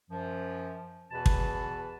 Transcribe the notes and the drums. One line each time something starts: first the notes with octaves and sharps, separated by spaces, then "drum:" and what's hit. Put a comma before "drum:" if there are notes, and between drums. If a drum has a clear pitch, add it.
F#2 F3
E2 B2 E3 B4 A5
drum: kick